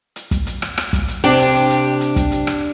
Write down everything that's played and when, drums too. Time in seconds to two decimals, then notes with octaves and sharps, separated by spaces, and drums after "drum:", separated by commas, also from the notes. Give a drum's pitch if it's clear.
0.16 drum: hi-hat
0.31 drum: kick, hi-hat
0.47 drum: hi-hat
0.62 drum: rim click
0.78 drum: rim click
0.93 drum: kick, hi-hat
1.08 drum: hi-hat
1.24 C3 D4 G4, drum: hi-hat
1.39 drum: hi-hat
1.55 drum: hi-hat
1.70 drum: hi-hat
2.01 drum: hi-hat
2.16 drum: kick, hi-hat
2.32 drum: hi-hat
2.47 drum: rim click